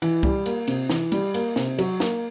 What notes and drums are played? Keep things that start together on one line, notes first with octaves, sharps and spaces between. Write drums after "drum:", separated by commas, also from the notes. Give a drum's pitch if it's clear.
E3, drum: cymbal
G3, drum: kick C2
A#3, drum: cymbal
C3, drum: cymbal
E3, drum: snare
G3, drum: cymbal
A#3, drum: cymbal
C3, drum: snare
F#3, drum: cymbal
A#3, drum: snare